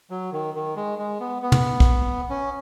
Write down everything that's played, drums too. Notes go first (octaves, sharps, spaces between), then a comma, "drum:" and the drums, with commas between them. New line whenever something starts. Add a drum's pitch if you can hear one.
F#3
D#3
D#3
G#3
G#3
B3
B3
drum: tom
drum: kick
C#4